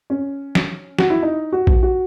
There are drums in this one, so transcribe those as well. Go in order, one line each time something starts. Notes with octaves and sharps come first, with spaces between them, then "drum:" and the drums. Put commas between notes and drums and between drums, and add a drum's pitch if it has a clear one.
C#4
drum: snare
F#4, drum: snare
E4
D#4
F#4
drum: kick A#1
F#4